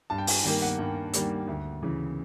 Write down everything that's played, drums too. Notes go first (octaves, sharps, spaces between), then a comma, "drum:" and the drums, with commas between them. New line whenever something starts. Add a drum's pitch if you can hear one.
G2 A5
G5
G#5, drum: open hi-hat
D#3 G3 A#3 G5
F#5
G2
D#3 G3 A#3, drum: hi-hat
D2
C#3 E3